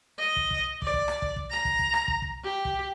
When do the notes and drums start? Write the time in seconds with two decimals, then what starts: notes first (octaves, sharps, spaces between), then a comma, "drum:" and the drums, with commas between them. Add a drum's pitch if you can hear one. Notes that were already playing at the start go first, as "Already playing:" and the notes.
0.19 D#5
0.36 drum: kick
0.51 drum: kick
0.82 D5, drum: kick
0.94 drum: kick
1.08 drum: rim click
1.22 drum: kick
1.36 drum: kick
1.51 A#5
1.65 drum: kick
1.79 drum: kick
1.94 drum: rim click
2.08 drum: kick
2.22 drum: kick
2.44 G4
2.65 drum: kick